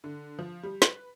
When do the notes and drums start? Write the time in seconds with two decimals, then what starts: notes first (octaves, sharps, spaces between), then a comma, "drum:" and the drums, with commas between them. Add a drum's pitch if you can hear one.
0.04 D3
0.39 F3
0.63 G3
0.82 B4, drum: snare